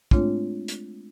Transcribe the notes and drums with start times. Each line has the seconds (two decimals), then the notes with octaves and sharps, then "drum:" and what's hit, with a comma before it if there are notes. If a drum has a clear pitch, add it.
0.11 G#3 A3 C4 D4 F4 C#5, drum: kick
0.68 drum: hi-hat